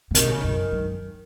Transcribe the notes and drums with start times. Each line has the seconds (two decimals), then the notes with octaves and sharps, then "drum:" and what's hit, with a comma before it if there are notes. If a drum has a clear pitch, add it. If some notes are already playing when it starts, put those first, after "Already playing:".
0.11 C#3
0.15 B2 D#3, drum: hi-hat
0.28 C#3
0.41 F#2 D#3
0.72 F#2